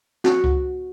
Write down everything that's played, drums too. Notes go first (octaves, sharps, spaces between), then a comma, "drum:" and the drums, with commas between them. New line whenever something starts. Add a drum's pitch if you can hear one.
F#4, drum: snare
drum: kick C#2